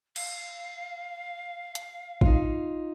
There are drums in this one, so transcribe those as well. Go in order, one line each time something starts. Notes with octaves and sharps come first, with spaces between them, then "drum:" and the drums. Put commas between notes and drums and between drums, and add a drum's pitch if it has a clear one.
F5, drum: cymbal
drum: hi-hat
D#4 F4, drum: kick G#1